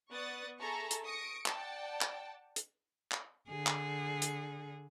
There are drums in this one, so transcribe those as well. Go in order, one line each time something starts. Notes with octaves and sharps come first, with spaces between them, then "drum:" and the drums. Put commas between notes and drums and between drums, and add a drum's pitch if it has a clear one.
B3 D5 C#6 D#6 F#6 A6
G#4 A4 E5 A#5 C#6
drum: hi-hat
C#6 D#6 A#6 C#7 D7
D5 F#5 G5 A5, drum: clap
drum: clap
drum: hi-hat
drum: clap
D3 G#4
drum: clap
drum: hi-hat